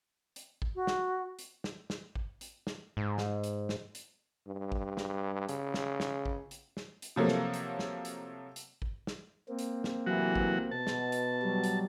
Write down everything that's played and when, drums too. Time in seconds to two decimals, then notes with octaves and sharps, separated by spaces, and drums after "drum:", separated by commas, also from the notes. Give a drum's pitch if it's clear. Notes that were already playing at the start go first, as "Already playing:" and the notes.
0.36 drum: hi-hat
0.62 drum: kick A1
0.75 F#4
0.87 drum: snare
1.39 drum: hi-hat
1.64 drum: snare
1.90 drum: snare
2.15 drum: kick A1
2.41 drum: hi-hat
2.67 drum: snare
2.97 G#2
3.18 drum: snare
3.44 drum: hi-hat
3.69 drum: snare
3.95 drum: hi-hat
4.47 G2
4.72 drum: kick A1
4.97 drum: snare
5.49 C#3, drum: hi-hat
5.74 drum: snare
6.00 drum: snare
6.25 drum: kick A1
6.51 drum: hi-hat
6.77 drum: snare
7.02 drum: hi-hat
7.16 C3 F3 F#3 A3 A#3
7.28 drum: snare
7.54 drum: hi-hat
7.79 drum: snare
8.05 drum: hi-hat
8.56 drum: hi-hat
8.82 drum: kick A1
9.07 drum: snare
9.49 A#3 C4
9.59 drum: hi-hat
9.84 drum: snare
10.07 D2 C3 E3 F#3 F#4
10.35 drum: kick A1
10.71 B2 A5
10.87 drum: snare
11.12 drum: hi-hat
11.42 F#3 G3
11.64 drum: hi-hat